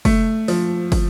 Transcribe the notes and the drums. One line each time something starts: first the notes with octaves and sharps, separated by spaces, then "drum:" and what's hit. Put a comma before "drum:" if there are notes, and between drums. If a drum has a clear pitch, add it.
A3, drum: kick, open hi-hat
F3, drum: open hi-hat
drum: kick, open hi-hat